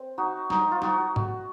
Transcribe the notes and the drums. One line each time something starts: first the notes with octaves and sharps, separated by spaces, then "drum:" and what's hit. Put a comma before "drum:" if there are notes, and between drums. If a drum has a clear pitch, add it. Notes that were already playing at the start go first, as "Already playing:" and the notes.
Already playing: C4
D#4 F#4
D#4, drum: snare
F4
D#4 F#4, drum: snare
drum: tom G#2